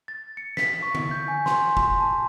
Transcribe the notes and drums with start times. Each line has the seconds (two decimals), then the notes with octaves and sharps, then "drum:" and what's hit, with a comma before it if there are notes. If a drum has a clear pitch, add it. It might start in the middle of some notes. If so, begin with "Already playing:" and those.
0.08 A6
0.37 C#7
0.57 B6, drum: snare
0.83 C#6
0.95 drum: tom D3
1.11 G6
1.28 G#5
1.46 C6, drum: snare
1.77 C6, drum: kick
2.00 A5